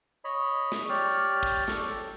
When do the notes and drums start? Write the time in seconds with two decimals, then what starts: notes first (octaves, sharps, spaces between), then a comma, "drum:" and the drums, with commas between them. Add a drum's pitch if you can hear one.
0.24 C#5 D#5 B5
0.72 drum: snare
0.89 G4 C#5 D5 F6
1.43 drum: kick
1.68 A4, drum: snare